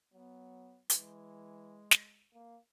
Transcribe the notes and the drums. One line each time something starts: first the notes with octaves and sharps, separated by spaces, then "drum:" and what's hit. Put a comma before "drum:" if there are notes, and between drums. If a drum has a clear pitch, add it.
F#3 B3
E3 G#3, drum: hi-hat
drum: snare
A#3